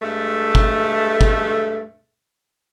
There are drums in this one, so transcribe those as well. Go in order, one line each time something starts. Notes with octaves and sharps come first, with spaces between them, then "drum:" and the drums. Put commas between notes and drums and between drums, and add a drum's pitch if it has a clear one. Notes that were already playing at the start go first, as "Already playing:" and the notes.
G2 G#3 A3
drum: kick
drum: kick